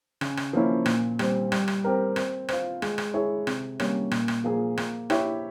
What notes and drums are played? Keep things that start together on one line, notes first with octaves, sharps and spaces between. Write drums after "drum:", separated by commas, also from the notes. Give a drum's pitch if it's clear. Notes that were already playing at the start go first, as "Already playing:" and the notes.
C#3, drum: rim click
drum: rim click
F3 A#3 C#4 E4
A#2, drum: rim click
G3 C4, drum: rim click
G3, drum: rim click
drum: rim click
C4 G4 A#4
C4, drum: rim click
F4 C5, drum: rim click
G#3, drum: rim click
drum: rim click
E4 G#4 C#5 E5
C3, drum: rim click
G3 A#3 C#4, drum: rim click
A#2, drum: rim click
drum: rim click
F3 A#3 F4 G#4
A#3, drum: rim click
E4 G4 C#5 E5, drum: rim click